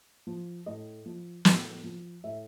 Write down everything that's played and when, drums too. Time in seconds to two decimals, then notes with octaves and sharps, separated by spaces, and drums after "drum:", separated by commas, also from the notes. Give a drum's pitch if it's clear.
0.27 F3
0.66 A2 D#5
1.06 F3
1.45 A2, drum: snare
1.84 F3
2.24 A2 E5